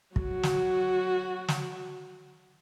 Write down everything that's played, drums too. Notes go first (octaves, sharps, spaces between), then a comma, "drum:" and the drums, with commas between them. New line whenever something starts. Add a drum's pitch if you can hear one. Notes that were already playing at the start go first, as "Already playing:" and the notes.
F#3 F#4, drum: kick
drum: snare
drum: snare